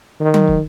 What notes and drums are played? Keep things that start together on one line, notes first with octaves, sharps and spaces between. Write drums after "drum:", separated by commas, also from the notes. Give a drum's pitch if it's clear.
D#3
drum: tom F#3
drum: kick